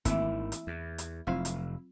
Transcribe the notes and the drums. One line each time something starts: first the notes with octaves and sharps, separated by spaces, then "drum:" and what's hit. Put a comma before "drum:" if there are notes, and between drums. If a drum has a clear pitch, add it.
G#1 D#3 E3 A3 A#3 C4 E4, drum: kick, hi-hat
drum: hi-hat
E2
drum: hi-hat
F1 F#3 C4 E4 F4 F5
drum: hi-hat